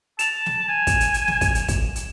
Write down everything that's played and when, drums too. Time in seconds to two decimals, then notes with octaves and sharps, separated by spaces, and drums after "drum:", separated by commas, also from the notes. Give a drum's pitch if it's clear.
0.19 A5 E7 F7, drum: hi-hat
0.46 drum: snare
0.68 G#5
0.87 drum: kick, hi-hat
1.00 drum: hi-hat
1.14 drum: hi-hat
1.28 drum: snare
1.41 drum: kick, hi-hat
1.55 drum: hi-hat
1.68 drum: kick, hi-hat
1.96 drum: hi-hat